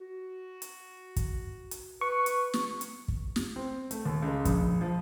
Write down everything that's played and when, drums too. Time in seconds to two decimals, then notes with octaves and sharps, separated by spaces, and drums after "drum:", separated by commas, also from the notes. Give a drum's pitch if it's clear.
0.01 F#4
0.62 drum: hi-hat
1.16 drum: kick, hi-hat
1.71 drum: hi-hat
2.01 B4 C#6
2.26 drum: hi-hat
2.54 drum: snare
2.81 drum: hi-hat
3.08 drum: kick
3.36 drum: snare
3.56 C4
3.91 A3, drum: hi-hat
4.05 D#2
4.22 C#2
4.45 A#1, drum: kick, hi-hat
4.81 F3